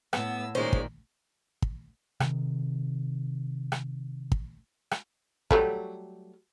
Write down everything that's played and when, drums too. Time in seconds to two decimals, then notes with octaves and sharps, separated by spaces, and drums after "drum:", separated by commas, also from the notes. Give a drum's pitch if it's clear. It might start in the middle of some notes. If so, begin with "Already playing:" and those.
0.13 A2 B3 E6, drum: rim click
0.55 A#2 D#3 G#3 C#4 C5 D5
0.73 drum: kick
1.62 drum: kick
2.20 C3 D#3, drum: rim click
3.72 drum: rim click
4.32 drum: kick
4.91 drum: rim click
5.51 F#3 G3 A3, drum: kick